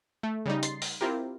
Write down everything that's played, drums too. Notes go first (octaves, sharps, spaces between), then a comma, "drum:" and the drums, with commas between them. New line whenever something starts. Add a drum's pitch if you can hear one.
A3
C#3 G3 D#4
C6 A6 C7, drum: hi-hat
drum: open hi-hat
C4 E4 F4 G4 A#4